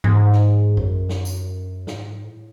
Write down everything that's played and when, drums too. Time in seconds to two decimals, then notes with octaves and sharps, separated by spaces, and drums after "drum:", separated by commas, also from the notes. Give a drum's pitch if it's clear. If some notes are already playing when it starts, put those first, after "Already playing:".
0.04 G#2, drum: tom E3
0.32 drum: snare
0.77 F#2, drum: kick A#1
1.09 drum: snare
1.25 drum: tambourine
1.87 G#2, drum: snare
2.24 A2